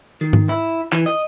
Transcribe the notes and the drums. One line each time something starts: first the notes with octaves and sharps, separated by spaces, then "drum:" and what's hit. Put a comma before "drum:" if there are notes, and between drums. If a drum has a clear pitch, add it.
D#3
drum: tom G#2
E4
E3, drum: clap
D#5